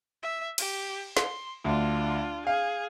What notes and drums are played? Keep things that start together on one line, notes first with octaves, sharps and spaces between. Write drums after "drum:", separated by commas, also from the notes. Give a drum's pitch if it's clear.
E5
G4, drum: cymbal
C6, drum: snare
D2 D4 F4
G#4 F5